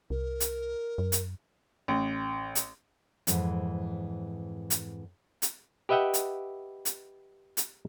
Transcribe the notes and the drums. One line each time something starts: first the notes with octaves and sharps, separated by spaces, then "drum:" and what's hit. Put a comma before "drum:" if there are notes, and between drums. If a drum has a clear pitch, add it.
C2 A#4
drum: hi-hat
F#2
drum: hi-hat
A1
drum: hi-hat
F2 G#2 E3, drum: hi-hat
drum: hi-hat
drum: hi-hat
G4 B4 D#5 E5 F#5 G5
drum: hi-hat
drum: hi-hat
drum: hi-hat